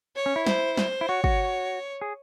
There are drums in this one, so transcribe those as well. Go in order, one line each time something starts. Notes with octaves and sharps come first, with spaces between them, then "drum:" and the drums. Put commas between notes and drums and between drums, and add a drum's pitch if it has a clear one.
C#5
C#4
E4
C5, drum: snare
C5, drum: snare
E4
F#4 C#5
F#4, drum: kick
G#4